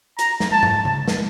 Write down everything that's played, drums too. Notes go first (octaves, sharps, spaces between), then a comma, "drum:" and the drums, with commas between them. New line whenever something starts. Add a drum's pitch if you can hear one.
A#5, drum: hi-hat
drum: snare
A5
drum: tom
drum: tom C#3
drum: snare